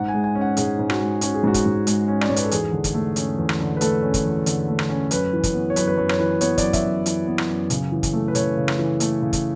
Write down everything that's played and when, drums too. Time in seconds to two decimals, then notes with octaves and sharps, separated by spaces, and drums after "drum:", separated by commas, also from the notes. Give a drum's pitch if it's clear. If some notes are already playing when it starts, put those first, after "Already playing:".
Already playing: G#2 F#5
0.08 G#5
0.14 G#3
0.24 G#5
0.35 C#4
0.41 F#5
0.57 G#2 G#4, drum: hi-hat
0.79 G#2
0.90 F#4, drum: rim click
1.00 G#3
1.21 C#4 F#4, drum: hi-hat
1.34 G#4
1.44 G#2 F#4
1.54 drum: kick, hi-hat
1.66 G#2
1.87 G#3, drum: hi-hat
2.08 C#4
2.21 D5, drum: rim click
2.30 G#2 C#5
2.36 B4, drum: hi-hat
2.44 A4
2.51 E2 G#4, drum: hi-hat
2.73 D3
2.84 drum: kick, hi-hat
2.94 A3
3.16 C#4, drum: hi-hat
3.38 E2
3.49 drum: rim click
3.60 D3
3.77 B4
3.81 A3 A4, drum: hi-hat
4.03 C#4
4.14 drum: kick, hi-hat
4.25 E2
4.46 D3, drum: hi-hat
4.68 A3
4.79 drum: rim click
4.89 C#4
5.11 F#2 B4, drum: hi-hat
5.33 E3
5.44 drum: kick, hi-hat
5.54 B3
5.70 C#5
5.76 F#2 B4, drum: hi-hat
5.88 B4
5.98 F#2 C#5
6.09 C#5, drum: rim click
6.19 E3 B4
6.41 B3 C#5, drum: hi-hat
6.58 F#2 D5, drum: kick, hi-hat
6.73 E5, drum: kick, hi-hat
6.84 F#2
7.06 E3, drum: hi-hat
7.27 B3
7.38 drum: rim click
7.48 F#2
7.70 C#3, drum: hi-hat
7.92 E3
8.03 drum: kick, hi-hat
8.13 A3
8.28 B4
8.35 C#3 C#5, drum: hi-hat
8.57 C#3
8.68 drum: rim click
8.79 E3
9.00 A3, drum: hi-hat
9.22 C#3
9.33 drum: kick, hi-hat